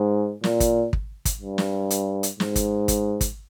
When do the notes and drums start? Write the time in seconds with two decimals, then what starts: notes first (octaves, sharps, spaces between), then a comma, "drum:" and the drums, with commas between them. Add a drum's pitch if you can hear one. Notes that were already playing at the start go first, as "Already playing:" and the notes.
Already playing: G#2
0.44 A#2, drum: snare
0.60 drum: kick, hi-hat
0.93 drum: kick
1.25 drum: kick, hi-hat
1.41 G2
1.58 drum: snare
1.90 drum: hi-hat
2.23 drum: hi-hat
2.40 G#2, drum: snare
2.56 drum: kick, hi-hat
2.88 drum: kick, hi-hat
3.21 drum: kick, hi-hat